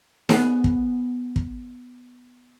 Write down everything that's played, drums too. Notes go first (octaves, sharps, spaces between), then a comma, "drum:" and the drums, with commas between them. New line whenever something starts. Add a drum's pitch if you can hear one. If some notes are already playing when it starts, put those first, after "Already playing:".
B3 G#4, drum: snare D#4
drum: kick
drum: kick